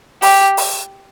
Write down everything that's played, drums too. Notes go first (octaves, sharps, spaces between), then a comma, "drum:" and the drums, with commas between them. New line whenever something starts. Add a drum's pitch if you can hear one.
G4, drum: open hi-hat
drum: open hi-hat